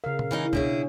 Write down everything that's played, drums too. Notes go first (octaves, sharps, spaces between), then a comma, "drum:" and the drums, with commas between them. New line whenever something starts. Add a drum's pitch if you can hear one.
C#3 A#4 F5
drum: tom A#2
E3 C#4 D#4
B2 D4 E4 G#4 C#5, drum: kick